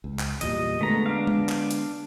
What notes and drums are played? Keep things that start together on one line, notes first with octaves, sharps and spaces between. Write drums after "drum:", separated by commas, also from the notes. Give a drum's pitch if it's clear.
C#2
drum: clap
E2 A#2 G3 D#5, drum: hi-hat
D3 G#3 A3 B3 A#5
D4 F5
drum: tom G#3
drum: clap
drum: hi-hat